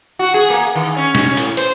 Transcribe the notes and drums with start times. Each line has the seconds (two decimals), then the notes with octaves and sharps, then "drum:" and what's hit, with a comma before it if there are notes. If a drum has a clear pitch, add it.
0.19 F#4
0.34 G#4
0.50 A#3
0.75 D#3
0.96 C#4
1.15 drum: snare
1.24 C#4
1.37 A2, drum: hi-hat
1.57 C5, drum: hi-hat